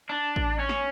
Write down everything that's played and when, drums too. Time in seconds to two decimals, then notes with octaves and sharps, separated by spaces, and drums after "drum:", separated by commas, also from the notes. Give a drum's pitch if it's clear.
0.09 D4
0.36 drum: kick A1
0.60 C#4
0.69 drum: snare